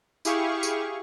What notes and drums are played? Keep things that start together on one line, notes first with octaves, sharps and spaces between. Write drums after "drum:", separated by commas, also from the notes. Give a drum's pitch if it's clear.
E4 G4 G#4 F5 C#6, drum: tambourine
drum: tambourine